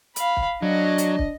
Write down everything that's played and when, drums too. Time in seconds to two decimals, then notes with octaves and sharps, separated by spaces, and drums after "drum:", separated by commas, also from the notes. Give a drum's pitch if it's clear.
0.16 F5 B5, drum: hi-hat
0.37 drum: kick
0.62 F#3 D4 D#5
0.98 drum: hi-hat
1.19 drum: kick